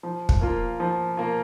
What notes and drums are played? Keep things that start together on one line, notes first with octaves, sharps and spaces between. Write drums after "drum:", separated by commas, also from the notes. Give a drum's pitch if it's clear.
F3
drum: kick
A#3 F4
F3
A#3 F4